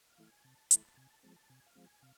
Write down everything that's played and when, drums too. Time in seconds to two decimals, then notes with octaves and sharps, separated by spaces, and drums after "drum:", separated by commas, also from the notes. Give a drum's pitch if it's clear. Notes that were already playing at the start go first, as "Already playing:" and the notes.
0.10 F5
0.18 E3 A3 E4
0.27 G#5
0.44 C3 A5
0.71 E3 A3 E4 A5, drum: hi-hat
0.96 C3 G#5
1.09 A5
1.23 F3 G#3 C4 A5
1.36 A5
1.49 C3 G#5
1.67 F5
1.75 F3 G#3 C4
1.85 G#5
2.02 C3 F5